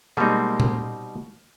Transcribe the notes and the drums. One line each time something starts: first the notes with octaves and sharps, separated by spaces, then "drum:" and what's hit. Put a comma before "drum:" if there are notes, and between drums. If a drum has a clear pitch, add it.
B2 G3 G#3 A#3 C4 D#4
drum: tom A#2